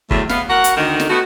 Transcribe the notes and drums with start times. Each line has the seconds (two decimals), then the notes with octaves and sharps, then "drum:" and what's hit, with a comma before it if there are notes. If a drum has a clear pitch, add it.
0.11 E2 A2 F#3 A3, drum: kick
0.29 B3 F5, drum: snare
0.50 F#4 A#4 F#5
0.64 drum: hi-hat
0.77 D2 D#3
1.00 drum: snare
1.10 A3 B3 F#4